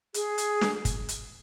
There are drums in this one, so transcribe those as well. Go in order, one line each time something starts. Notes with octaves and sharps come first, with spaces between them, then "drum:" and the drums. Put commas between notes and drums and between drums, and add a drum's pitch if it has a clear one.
G#4, drum: hi-hat
drum: hi-hat
drum: snare
drum: kick, hi-hat
drum: hi-hat